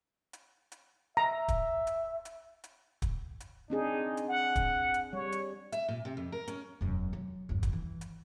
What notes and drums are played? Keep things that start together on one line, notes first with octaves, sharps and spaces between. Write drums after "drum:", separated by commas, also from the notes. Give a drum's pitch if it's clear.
drum: hi-hat
drum: hi-hat
E5 A#5
drum: kick, hi-hat
drum: hi-hat
drum: hi-hat
drum: hi-hat
drum: kick, hi-hat
drum: hi-hat
C4 D4 D#4 G#4
drum: hi-hat
F#5
drum: kick, hi-hat
drum: hi-hat
G3 C#5
drum: hi-hat
E5, drum: hi-hat
A#2
C3
F2
A#4
C#4, drum: hi-hat
E1 F#2
F#3
G1 E2
drum: kick, hi-hat
E3
drum: hi-hat